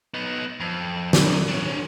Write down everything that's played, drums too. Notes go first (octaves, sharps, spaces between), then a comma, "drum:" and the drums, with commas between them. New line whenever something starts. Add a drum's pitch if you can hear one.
B3 D#4
F2
F#2, drum: snare
D4 C#5